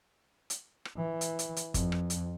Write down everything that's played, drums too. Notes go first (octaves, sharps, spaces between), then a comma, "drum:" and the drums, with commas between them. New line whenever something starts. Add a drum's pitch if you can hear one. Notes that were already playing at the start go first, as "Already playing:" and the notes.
drum: hi-hat
drum: rim click
E3
drum: hi-hat
drum: hi-hat
drum: hi-hat
F2, drum: kick G1, hi-hat
drum: rim click
drum: hi-hat